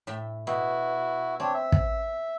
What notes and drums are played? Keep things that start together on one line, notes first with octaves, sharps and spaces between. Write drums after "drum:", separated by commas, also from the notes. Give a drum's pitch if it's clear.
A2 E5 G5
B2 E4 F#4
C4 D4 C#5
E5
drum: kick